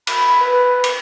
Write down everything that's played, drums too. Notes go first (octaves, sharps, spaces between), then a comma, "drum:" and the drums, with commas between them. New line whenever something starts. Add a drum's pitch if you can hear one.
B5, drum: cymbal
B4
drum: cymbal